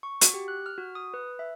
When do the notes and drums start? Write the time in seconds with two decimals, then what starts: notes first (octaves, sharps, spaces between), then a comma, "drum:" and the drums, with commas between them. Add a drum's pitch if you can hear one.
0.03 C#6
0.21 F#4, drum: hi-hat
0.34 G4
0.48 F#6
0.66 F6
0.78 F#4
0.95 D#6
1.14 B4
1.39 E5